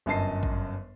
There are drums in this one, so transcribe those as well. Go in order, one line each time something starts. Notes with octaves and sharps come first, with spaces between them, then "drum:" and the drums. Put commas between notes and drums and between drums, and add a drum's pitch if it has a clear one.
G1 F#2 D#5 A5 C7
drum: kick